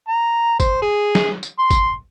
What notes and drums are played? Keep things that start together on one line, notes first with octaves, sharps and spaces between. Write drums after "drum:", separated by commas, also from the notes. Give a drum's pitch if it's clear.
A#5
C5, drum: kick G1, tambourine
G#4
drum: snare
drum: tambourine
C6
drum: kick G1, tambourine